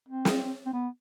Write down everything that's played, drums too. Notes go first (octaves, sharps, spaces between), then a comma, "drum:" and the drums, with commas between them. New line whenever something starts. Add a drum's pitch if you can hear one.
C4
drum: snare
C4
B3